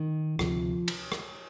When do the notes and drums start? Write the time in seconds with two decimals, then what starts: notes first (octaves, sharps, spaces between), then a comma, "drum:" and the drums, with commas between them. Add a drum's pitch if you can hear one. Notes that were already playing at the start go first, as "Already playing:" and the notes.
Already playing: D#3
0.39 D2 C3 F3, drum: rim click
0.88 drum: cymbal
1.12 drum: rim click